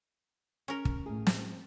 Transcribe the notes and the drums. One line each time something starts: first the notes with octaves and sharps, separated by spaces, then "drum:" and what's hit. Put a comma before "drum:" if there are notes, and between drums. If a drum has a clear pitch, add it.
C#4 A#4
drum: kick
A2 G#4
drum: snare